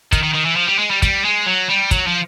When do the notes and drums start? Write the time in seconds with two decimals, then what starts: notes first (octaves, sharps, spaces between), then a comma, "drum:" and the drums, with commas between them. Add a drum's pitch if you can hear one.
0.12 D#3, drum: kick, hi-hat
0.23 D#3
0.35 D#3
0.46 E3
0.56 F3
0.68 G3
0.79 G#3
0.91 G3
1.02 G3, drum: kick, hi-hat
1.25 G#3
1.47 F#3
1.69 G3
1.91 F#3, drum: kick, hi-hat
2.06 F3